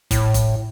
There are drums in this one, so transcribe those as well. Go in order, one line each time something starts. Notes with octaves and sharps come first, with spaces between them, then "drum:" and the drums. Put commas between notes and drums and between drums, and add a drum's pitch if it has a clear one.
A2, drum: kick F1, hi-hat
drum: kick F1, hi-hat